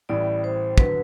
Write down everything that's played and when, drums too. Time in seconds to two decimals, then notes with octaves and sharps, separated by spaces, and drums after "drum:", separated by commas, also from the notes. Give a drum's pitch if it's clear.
0.09 A1 A2 G3 D5
0.44 C5
0.78 D3 F#3 B4, drum: kick